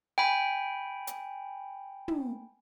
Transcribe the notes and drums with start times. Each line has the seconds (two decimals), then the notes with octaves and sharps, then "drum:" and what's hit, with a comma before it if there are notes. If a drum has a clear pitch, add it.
0.18 G5 G#5 B5
1.07 drum: hi-hat
2.08 drum: tom